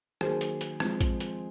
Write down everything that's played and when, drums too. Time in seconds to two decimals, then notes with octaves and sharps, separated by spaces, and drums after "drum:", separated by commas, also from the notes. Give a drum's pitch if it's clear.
0.21 D#3 F#3 A#3 G#4 C5, drum: rim click
0.41 drum: hi-hat
0.61 drum: hi-hat
0.80 F3 G#3 C4, drum: rim click
1.01 drum: kick A#1, hi-hat
1.20 drum: hi-hat